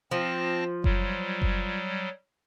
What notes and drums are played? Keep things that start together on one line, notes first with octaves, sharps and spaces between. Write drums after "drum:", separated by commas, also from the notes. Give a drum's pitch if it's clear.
F3 C4 A5 A#6
F#3 G3, drum: kick F#1
drum: kick F#1